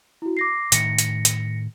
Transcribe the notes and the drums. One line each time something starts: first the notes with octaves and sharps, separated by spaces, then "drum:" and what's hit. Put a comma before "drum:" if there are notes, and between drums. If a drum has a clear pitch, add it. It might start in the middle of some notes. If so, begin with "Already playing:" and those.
E4 F#4
D6 A#6 C7
A2 D#3 A#6 C#7, drum: hi-hat
drum: hi-hat
drum: hi-hat